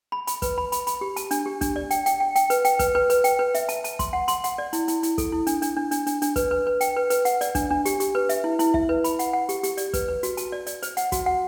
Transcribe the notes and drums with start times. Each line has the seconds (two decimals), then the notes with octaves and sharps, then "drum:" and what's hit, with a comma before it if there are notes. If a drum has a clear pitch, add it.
0.12 B5
0.27 B5, drum: hi-hat
0.42 B4, drum: kick, hi-hat
0.58 B5
0.72 B5, drum: hi-hat
0.87 B5, drum: hi-hat
1.01 G4
1.16 A5, drum: hi-hat
1.31 D4, drum: hi-hat
1.46 G4
1.61 D4, drum: kick, hi-hat
1.76 D5
1.91 G5, drum: hi-hat
2.06 G5, drum: hi-hat
2.20 G5
2.36 G5, drum: hi-hat
2.50 B4, drum: hi-hat
2.65 G5, drum: hi-hat
2.79 B4, drum: kick, hi-hat
2.95 B4
3.10 B4, drum: hi-hat
3.24 G5, drum: hi-hat
3.39 B4
3.55 E5, drum: hi-hat
3.69 A5, drum: hi-hat
3.84 A5, drum: hi-hat
3.99 C6, drum: kick, hi-hat
4.13 F#5
4.28 C6, drum: hi-hat
4.44 F#5, drum: hi-hat
4.58 D5
4.73 E4, drum: hi-hat
4.88 E4, drum: hi-hat
5.03 E4, drum: hi-hat
5.18 A4, drum: kick, hi-hat
5.32 E4
5.47 D4, drum: hi-hat
5.62 D4, drum: hi-hat
5.77 D4
5.91 D4, drum: hi-hat
6.07 D4, drum: hi-hat
6.22 D4, drum: hi-hat
6.36 B4, drum: kick, hi-hat
6.51 B4
6.67 B4
6.81 G5, drum: hi-hat
6.96 B4
7.10 B4, drum: hi-hat
7.25 F#5, drum: hi-hat
7.41 D5, drum: hi-hat
7.55 D4, drum: kick, hi-hat
7.70 D4
7.85 G4, drum: hi-hat
8.00 G4, drum: hi-hat
8.15 B4
8.29 E5, drum: hi-hat
8.44 E4
8.59 E4, drum: hi-hat
8.74 E5, drum: kick
8.89 B4
9.04 B5, drum: hi-hat
9.19 F#5, drum: hi-hat
9.33 F#5
9.49 G4, drum: hi-hat
9.63 G4, drum: hi-hat
9.77 D5, drum: hi-hat
9.93 B4, drum: kick, hi-hat
10.08 B4
10.23 F#4, drum: hi-hat
10.37 A5, drum: hi-hat
10.52 D5
10.67 D5, drum: hi-hat
10.83 C5, drum: hi-hat
10.97 F#5, drum: hi-hat
11.12 F#4, drum: kick, hi-hat
11.26 F#5